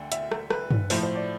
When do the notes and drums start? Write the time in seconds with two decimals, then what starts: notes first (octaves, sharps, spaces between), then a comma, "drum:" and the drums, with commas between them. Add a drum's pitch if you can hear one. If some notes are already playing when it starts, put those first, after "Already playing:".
Already playing: D2 D3 A3 G5
0.12 E5, drum: hi-hat
0.32 drum: rim click
0.50 B4, drum: rim click
0.71 drum: tom G2
0.90 A2 F3 A3 C5, drum: open hi-hat
1.03 C5
1.16 D5